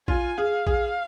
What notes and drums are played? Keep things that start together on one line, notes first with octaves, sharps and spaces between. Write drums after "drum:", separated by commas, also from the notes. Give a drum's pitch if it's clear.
F4 G#5, drum: kick A#1
G#4 F5
G#4, drum: kick A#1